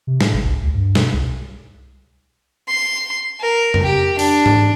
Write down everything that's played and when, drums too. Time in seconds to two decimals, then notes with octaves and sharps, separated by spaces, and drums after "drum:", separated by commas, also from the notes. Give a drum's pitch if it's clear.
0.07 C3
0.21 A2, drum: snare
0.34 A1
0.45 C2
0.62 D2
0.75 G2
0.95 B2, drum: snare
1.13 C2
2.68 C6
3.41 A#4
3.74 drum: tom F2
3.83 G4
4.19 D4, drum: open hi-hat
4.46 drum: tom G#2